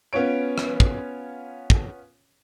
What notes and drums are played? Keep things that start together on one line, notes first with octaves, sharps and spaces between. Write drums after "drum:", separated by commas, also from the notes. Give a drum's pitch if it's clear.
B3 C#4 F4 C#5 D7
drum: rim click
drum: kick
drum: kick